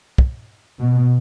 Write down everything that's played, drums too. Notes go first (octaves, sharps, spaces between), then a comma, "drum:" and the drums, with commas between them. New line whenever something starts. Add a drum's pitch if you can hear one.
drum: kick
B2